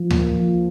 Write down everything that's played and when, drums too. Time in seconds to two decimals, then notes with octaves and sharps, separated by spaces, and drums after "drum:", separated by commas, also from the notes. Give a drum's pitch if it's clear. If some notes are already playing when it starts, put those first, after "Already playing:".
Already playing: F3
0.10 A#3, drum: tom D2
0.34 F3